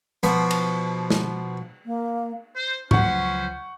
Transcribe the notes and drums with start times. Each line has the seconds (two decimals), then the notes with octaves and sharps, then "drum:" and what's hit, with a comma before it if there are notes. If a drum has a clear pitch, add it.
0.23 B2 F3, drum: hi-hat
0.51 drum: cymbal
1.10 drum: snare
1.86 A#3
2.56 C5
2.91 C#2 F3 F#3 C#4 B4 C5 F#5 C#6, drum: tom G#2